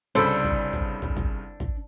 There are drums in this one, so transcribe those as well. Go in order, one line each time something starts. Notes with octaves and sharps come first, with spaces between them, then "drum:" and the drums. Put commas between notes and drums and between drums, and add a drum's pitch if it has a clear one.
C2 C#3 D4 A4 C5 B5
drum: kick
drum: kick
drum: kick
drum: kick
drum: kick